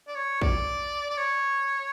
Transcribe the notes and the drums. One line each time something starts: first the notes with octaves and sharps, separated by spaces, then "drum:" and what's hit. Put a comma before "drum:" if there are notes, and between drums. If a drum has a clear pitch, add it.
D5
C#5
D5, drum: kick
D5
C#5